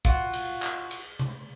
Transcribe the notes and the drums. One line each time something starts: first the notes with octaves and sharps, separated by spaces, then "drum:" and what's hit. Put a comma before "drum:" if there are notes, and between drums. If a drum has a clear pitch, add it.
F4 F#4, drum: kick
drum: cymbal
drum: clap
drum: cymbal
drum: tom C3